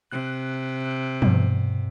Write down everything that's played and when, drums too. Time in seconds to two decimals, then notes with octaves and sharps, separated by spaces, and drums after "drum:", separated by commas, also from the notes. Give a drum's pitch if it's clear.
0.11 C3 F#6
1.22 G2 B2, drum: tom E3